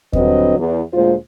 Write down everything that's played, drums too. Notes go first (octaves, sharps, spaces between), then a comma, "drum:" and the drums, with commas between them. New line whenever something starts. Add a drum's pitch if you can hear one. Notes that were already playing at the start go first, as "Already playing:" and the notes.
G2 D3 F#3 C4 B4 D#5, drum: kick D#2
E2
D2 A#2 G#3 F4 C5